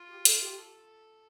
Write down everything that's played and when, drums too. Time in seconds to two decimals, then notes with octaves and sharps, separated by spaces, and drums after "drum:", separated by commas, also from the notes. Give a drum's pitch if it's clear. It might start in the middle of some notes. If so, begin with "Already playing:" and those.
Already playing: F4
0.08 G4
0.25 A4, drum: hi-hat
0.41 G4
0.57 A4